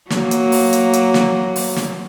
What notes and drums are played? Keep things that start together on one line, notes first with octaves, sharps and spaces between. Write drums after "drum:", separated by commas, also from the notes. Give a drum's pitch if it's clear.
F#3 A#3, drum: snare
drum: hi-hat
drum: open hi-hat
drum: hi-hat
drum: hi-hat
drum: snare
drum: open hi-hat
drum: snare